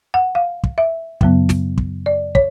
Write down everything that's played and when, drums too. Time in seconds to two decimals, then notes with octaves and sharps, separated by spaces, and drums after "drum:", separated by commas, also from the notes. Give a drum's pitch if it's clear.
0.14 F#5
0.35 F5
0.64 drum: kick
0.78 E5
1.21 F#2 C#3 F#3 B3, drum: kick
1.49 drum: snare
1.78 drum: kick
2.06 D5
2.35 C#5, drum: kick